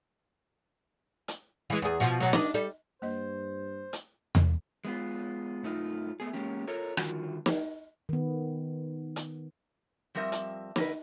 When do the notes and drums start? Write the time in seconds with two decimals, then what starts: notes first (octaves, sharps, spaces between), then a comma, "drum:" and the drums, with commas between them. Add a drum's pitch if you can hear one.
1.28 drum: hi-hat
1.70 E3 G#3
1.82 E2 G#4
2.00 B2 F3 F#4
2.20 B2 F#3
2.33 D4 D#5, drum: snare
2.54 G3 A4
3.02 G2 A#3 C5 D#5
3.93 drum: hi-hat
4.35 drum: tom E2
4.85 G#3 B3 F4
5.63 G2 A3 D#4 F4
6.20 A3 B3 G#4
6.33 G#3 A#3 C#4 G4
6.68 F4 A4 A#4 C#5
6.97 D3 D#3 G3 F4 F#4, drum: rim click
7.46 drum: snare
8.09 D#3 B3
9.16 drum: hi-hat
10.15 F2 G3 C4 A#4 E5
10.32 drum: hi-hat
10.76 D3 A#4 B4, drum: snare